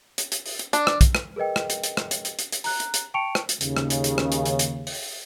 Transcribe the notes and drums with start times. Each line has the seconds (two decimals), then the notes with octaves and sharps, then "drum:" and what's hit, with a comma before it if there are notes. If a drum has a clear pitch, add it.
0.18 drum: hi-hat
0.32 drum: hi-hat
0.46 drum: open hi-hat
0.59 drum: hi-hat
0.73 D4, drum: hi-hat
0.87 drum: rim click
1.01 drum: kick, hi-hat
1.15 drum: rim click
1.36 G#4 A#4 B4 D#5 G5
1.56 drum: rim click
1.70 drum: hi-hat
1.83 drum: hi-hat
1.97 drum: rim click
2.11 drum: hi-hat
2.25 drum: hi-hat
2.39 drum: hi-hat
2.52 drum: hi-hat
2.64 A#5 F#6, drum: open hi-hat
2.80 drum: hi-hat
2.94 drum: hi-hat
3.14 G5 A5 C#6 C#7 D7 F7
3.35 drum: rim click
3.49 drum: hi-hat
3.61 D#2 C#3, drum: hi-hat
3.77 drum: rim click
3.90 drum: hi-hat
4.04 drum: hi-hat
4.18 drum: rim click
4.32 drum: hi-hat
4.45 drum: hi-hat
4.59 drum: hi-hat
4.87 drum: open hi-hat